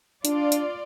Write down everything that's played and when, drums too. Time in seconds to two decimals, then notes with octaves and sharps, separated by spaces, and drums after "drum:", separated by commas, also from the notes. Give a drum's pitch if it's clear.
0.25 D4 F4 D5, drum: hi-hat
0.52 drum: hi-hat